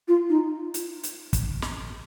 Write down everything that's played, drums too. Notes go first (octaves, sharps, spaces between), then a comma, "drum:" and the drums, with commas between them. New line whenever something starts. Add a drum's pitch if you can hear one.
F4
D#4
drum: hi-hat
drum: hi-hat
drum: kick, hi-hat
drum: snare